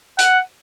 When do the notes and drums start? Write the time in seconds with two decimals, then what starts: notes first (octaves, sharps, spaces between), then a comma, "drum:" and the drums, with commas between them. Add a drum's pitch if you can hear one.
0.19 F#5, drum: hi-hat